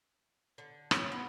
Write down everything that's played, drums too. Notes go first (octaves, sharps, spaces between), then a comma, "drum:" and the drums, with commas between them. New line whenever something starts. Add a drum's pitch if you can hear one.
D3
C#3, drum: rim click
B3